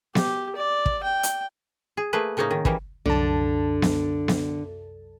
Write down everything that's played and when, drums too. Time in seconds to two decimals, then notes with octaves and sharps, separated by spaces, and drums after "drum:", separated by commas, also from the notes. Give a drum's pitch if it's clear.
0.15 G4, drum: snare B3
0.56 D5
0.86 drum: kick
1.04 G5
1.23 drum: hi-hat
1.97 G#4
2.13 A3 A#3 G#4 B4
2.37 A2 C#3 A#3 C#4 D#4
2.51 D#3
2.65 E3 G3 A#3, drum: kick
3.06 C2 F#2 D3 A5
3.82 drum: snare B3
4.28 drum: snare B3